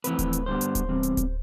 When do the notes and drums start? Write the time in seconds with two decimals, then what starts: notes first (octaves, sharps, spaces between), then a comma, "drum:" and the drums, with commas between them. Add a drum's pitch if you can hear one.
0.04 F2 E3 A3 C4 B4, drum: hi-hat
0.19 drum: kick D1, hi-hat
0.33 drum: hi-hat
0.46 G2 D3 G3 B3 C5
0.61 drum: hi-hat
0.75 drum: kick D1, hi-hat
0.89 E2 C3 G3 C4
1.03 drum: hi-hat
1.17 drum: kick D1, hi-hat